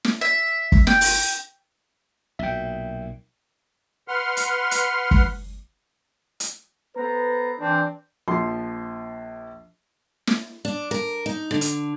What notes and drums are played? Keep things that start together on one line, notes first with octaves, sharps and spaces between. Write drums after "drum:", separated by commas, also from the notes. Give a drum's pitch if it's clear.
drum: snare
E5
drum: kick
G5, drum: snare
drum: open hi-hat
B1 A#2 E5 G5
B4 F#5 C6 F6
drum: hi-hat
drum: hi-hat
drum: kick
drum: hi-hat
B3 A4 B4 C5 A#5
E3 C4 D4
A#1 F3 C6
drum: snare
D4
A#4
D#4
D3
drum: hi-hat